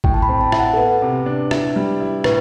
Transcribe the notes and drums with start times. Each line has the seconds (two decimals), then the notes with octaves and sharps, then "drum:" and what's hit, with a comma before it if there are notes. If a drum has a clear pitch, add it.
0.04 A2 G5, drum: kick
0.14 A5
0.22 B5
0.29 C4
0.41 A5
0.52 E4, drum: rim click
0.59 F#5
0.74 A4
0.77 B3 B4
1.02 C3
1.26 D4
1.51 E4, drum: rim click
1.76 G3
2.00 E4
2.24 A2 B4, drum: rim click